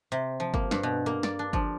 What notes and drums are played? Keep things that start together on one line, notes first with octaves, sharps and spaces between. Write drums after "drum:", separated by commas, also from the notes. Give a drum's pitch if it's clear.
C3
F3
A#3, drum: kick G1
G2, drum: snare
B2
A#3
D5, drum: snare
D4
F3, drum: kick G1